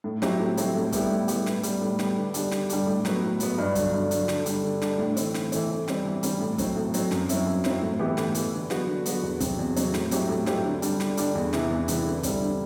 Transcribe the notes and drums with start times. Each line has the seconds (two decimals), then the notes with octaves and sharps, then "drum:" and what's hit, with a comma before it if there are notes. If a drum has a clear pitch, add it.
0.04 A2
0.22 F#3 C4 E4 G4, drum: snare
0.40 A2
0.57 F#3 C4 E4 G4, drum: hi-hat
0.75 A2
0.92 G3 B3 E4 G4, drum: kick, hi-hat
1.10 A2
1.28 G3 B3 E4 G4, drum: hi-hat
1.46 A2, drum: snare
1.63 G3 B3, drum: hi-hat
1.81 A2
1.99 G3 B3, drum: snare
2.16 D3
2.34 G3 D4 G4, drum: hi-hat
2.51 D3, drum: snare
2.69 G3 D4 G4, drum: hi-hat
2.87 A2
3.05 F#3 B3, drum: snare
3.23 A2
3.40 F#3 B3, drum: hi-hat
3.58 G2
3.75 D3 F#3, drum: kick, hi-hat
3.93 G2
4.11 D3 F#3, drum: hi-hat
4.28 D3, drum: snare
4.46 G3 D4, drum: hi-hat
4.64 D3
4.82 G3 D4, drum: snare
4.99 A2
5.17 E3 A3 C4, drum: hi-hat
5.34 A2, drum: snare
5.52 E3 A3 C4, drum: hi-hat
5.69 E3
5.88 G3 C4, drum: snare
6.05 E3
6.23 G3 C4, drum: hi-hat
6.40 A2
6.58 F#3 C4, drum: kick, hi-hat
6.76 A2
6.94 F#3 C4, drum: hi-hat
7.11 F#2, drum: snare
7.29 F#3 C4 E4, drum: hi-hat
7.46 F#2
7.64 F#3 C4 E4, drum: snare
7.82 A2
7.99 E3 B3 E4 G4
8.17 A2, drum: snare
8.35 E3 B3 E4 G4, drum: hi-hat
8.52 D3
8.70 F#3 B3 F#4, drum: snare
8.88 D3
9.06 F#3 B3 F#4, drum: hi-hat
9.23 E2
9.40 C3 F#3 C4, drum: kick, hi-hat
9.59 E2
9.76 C3 F#3 C4, drum: hi-hat
9.94 A2, drum: snare
10.11 F#3 C4 E4 G4, drum: hi-hat
10.29 A2
10.46 F#3 C4 E4 G4, drum: snare
10.64 D3
10.82 G3 D4, drum: hi-hat
11.00 D3, drum: snare
11.17 G3 D4, drum: hi-hat
11.35 E2
11.53 C3 E3 B3 E4, drum: snare
11.70 E2
11.88 C3 E3 B3 E4, drum: hi-hat
12.05 D3
12.23 G3 C4 E4, drum: kick, hi-hat
12.41 D3